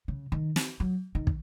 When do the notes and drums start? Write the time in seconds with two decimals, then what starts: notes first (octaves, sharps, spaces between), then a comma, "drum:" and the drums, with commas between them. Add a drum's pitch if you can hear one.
0.08 C#3
0.32 D#3
0.56 drum: snare
0.80 F#3
1.15 D#3
1.27 drum: kick